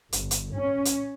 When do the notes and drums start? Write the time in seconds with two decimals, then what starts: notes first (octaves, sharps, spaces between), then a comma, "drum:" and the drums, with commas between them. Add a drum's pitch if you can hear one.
0.13 G1, drum: hi-hat
0.31 drum: hi-hat
0.54 C#4
0.85 drum: hi-hat